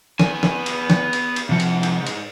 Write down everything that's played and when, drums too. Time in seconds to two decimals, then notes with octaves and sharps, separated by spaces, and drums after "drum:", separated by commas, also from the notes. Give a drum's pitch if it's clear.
0.19 B3 G#5, drum: snare
0.43 drum: snare
0.66 drum: cymbal
0.90 drum: snare
1.13 drum: cymbal
1.36 drum: cymbal
1.49 G#2 C3 F3 F#5
1.60 drum: cymbal
1.83 drum: cymbal
2.07 drum: cymbal